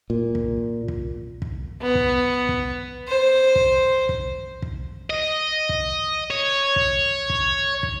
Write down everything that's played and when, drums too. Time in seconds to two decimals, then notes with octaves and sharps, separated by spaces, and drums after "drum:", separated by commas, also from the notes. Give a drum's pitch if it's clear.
0.10 A#2
0.35 drum: kick
0.88 drum: kick
1.42 drum: kick
1.82 B3
1.95 drum: kick
2.49 drum: kick
3.08 C5
3.56 drum: kick
4.09 drum: kick
4.62 drum: kick
5.10 D#5
5.69 drum: kick
6.31 C#5
6.76 drum: kick
7.30 drum: kick
7.83 drum: kick